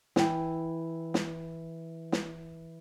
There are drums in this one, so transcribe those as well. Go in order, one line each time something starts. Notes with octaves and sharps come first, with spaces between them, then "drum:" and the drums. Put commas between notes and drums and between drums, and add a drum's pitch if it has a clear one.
E3 G5, drum: snare
drum: snare
drum: snare